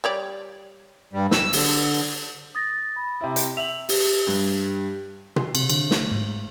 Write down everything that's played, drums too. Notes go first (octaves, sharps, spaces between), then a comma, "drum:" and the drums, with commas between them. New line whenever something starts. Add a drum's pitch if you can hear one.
G3 C#5 D5
G2 G3
E6, drum: snare
D3, drum: open hi-hat
D#6 A6 A#6
B5
C3 E4
drum: hi-hat
E5 F7 F#7
G4, drum: open hi-hat
G2
C6, drum: tom B2
C3, drum: cymbal
D3, drum: cymbal
A3, drum: snare
G#2